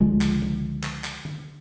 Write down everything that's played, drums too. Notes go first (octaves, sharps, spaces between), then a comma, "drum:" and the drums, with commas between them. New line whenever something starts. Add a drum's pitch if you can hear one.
C#2 D3 F3 G#3
drum: clap
drum: tom D3
drum: clap
drum: clap
drum: tom D3